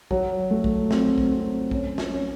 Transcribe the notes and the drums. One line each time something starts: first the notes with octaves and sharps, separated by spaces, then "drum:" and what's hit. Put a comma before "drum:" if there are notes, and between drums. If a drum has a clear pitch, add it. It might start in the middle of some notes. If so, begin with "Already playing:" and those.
F#3, drum: kick
A3
drum: kick
C4, drum: snare
drum: kick
C4
C#4, drum: kick
drum: snare
C#4